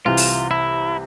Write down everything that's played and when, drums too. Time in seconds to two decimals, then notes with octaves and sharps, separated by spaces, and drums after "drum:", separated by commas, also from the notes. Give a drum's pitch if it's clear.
0.05 C2 C3 E3 F4
0.17 drum: open hi-hat
0.51 E4